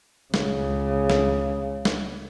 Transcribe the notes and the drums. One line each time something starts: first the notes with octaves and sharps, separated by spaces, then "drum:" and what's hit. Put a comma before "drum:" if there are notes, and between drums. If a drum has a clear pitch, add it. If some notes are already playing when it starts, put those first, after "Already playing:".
C#2 C#3, drum: snare
drum: snare
drum: snare